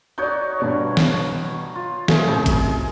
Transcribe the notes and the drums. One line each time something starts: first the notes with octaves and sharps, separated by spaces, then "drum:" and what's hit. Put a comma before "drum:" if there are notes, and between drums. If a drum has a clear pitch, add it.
D#4 F#4 C#5 D5 G6
G2 B2 D5
drum: snare
F4
F#3 A3 G#4 A#4, drum: snare
F#2 A2 C3 D#4 G#4
drum: kick, hi-hat